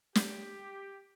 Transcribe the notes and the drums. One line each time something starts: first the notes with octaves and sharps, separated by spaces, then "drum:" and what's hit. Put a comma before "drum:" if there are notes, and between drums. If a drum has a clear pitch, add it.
G4, drum: snare